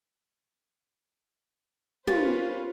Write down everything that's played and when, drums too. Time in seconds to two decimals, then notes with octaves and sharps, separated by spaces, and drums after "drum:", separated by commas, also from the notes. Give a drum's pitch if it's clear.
2.07 A#3 C#4 F4 G4 B4 C5 F5 A6, drum: tom